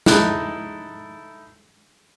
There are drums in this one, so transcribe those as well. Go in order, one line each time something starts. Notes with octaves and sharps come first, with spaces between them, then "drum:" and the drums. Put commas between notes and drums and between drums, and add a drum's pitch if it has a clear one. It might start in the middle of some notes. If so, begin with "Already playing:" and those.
D#4 E4 A4 F#6, drum: snare